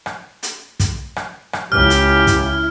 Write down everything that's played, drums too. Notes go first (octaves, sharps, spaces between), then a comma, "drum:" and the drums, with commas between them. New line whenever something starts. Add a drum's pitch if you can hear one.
drum: rim click
drum: hi-hat
drum: kick, hi-hat
drum: rim click
drum: rim click
C#2 E4 G4 F6
drum: hi-hat
drum: kick, hi-hat